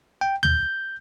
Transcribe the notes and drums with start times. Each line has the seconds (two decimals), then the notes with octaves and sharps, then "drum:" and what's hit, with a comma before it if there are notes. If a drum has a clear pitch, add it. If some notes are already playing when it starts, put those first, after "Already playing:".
0.21 G5
0.43 G6, drum: tom